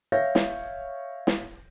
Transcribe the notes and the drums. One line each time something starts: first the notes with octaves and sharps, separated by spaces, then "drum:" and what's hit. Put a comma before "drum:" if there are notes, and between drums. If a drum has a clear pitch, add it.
C#5 E5 F5 G6 A#6
drum: snare
drum: snare